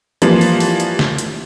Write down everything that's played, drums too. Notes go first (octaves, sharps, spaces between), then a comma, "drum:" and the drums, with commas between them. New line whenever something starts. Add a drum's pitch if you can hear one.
E3 F3 G3 A#3, drum: hi-hat
drum: open hi-hat
drum: open hi-hat
drum: hi-hat
drum: snare
drum: hi-hat